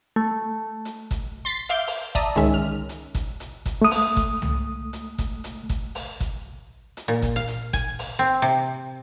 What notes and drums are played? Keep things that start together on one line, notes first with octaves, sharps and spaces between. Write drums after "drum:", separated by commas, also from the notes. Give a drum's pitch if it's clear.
A3
drum: hi-hat
drum: kick, hi-hat
C6 A6 B6 C7
E5 F5 D6 G6
drum: open hi-hat
D5 E5 A5 A#5 D#6, drum: kick, hi-hat
D#3 G#3 C#4 E5, drum: tom C2
F6
drum: hi-hat
drum: kick, hi-hat
drum: hi-hat
drum: kick, hi-hat
A3 D#6
drum: open hi-hat
drum: kick, hi-hat
drum: tom C2
drum: hi-hat
drum: kick, hi-hat
drum: hi-hat
drum: kick, hi-hat
drum: open hi-hat
drum: kick, hi-hat
drum: hi-hat
A#2
drum: kick, hi-hat
F5
drum: hi-hat
G#5, drum: kick, hi-hat
drum: open hi-hat
C4
C3